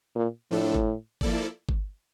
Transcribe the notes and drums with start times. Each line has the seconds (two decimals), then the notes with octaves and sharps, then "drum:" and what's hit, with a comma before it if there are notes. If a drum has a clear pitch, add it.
0.15 A#2
0.51 A2 F3 A3 D4 A4
0.75 drum: kick G1
1.21 F3 A#3 E4 A4 D5, drum: kick G1
1.69 drum: kick G1